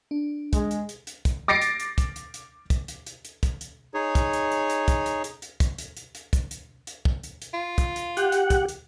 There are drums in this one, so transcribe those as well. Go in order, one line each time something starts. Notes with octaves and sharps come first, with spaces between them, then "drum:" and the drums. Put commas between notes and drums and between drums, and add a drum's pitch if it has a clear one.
D4
G#3, drum: kick, hi-hat
drum: hi-hat
drum: hi-hat
drum: hi-hat
drum: kick, hi-hat
D6 A6 A#6 C7 D7
drum: hi-hat
drum: hi-hat
drum: kick, hi-hat
drum: hi-hat
drum: hi-hat
drum: kick, hi-hat
drum: hi-hat
drum: hi-hat
drum: hi-hat
drum: kick, hi-hat
drum: hi-hat
D#4 G#4 C#5
drum: kick, hi-hat
drum: hi-hat
drum: hi-hat
drum: hi-hat
drum: kick, hi-hat
drum: hi-hat
drum: hi-hat
drum: hi-hat
drum: kick, hi-hat
drum: hi-hat
drum: hi-hat
drum: hi-hat
drum: kick, hi-hat
drum: hi-hat
drum: hi-hat
drum: kick
drum: hi-hat
drum: hi-hat
F4
drum: kick, hi-hat
drum: hi-hat
G4 F#5, drum: hi-hat
drum: hi-hat
drum: kick, hi-hat
drum: hi-hat